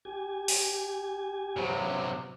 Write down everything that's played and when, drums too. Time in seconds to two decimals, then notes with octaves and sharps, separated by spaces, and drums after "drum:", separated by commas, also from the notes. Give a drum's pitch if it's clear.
0.05 G4 G#5
0.48 drum: open hi-hat
1.57 C3 F#3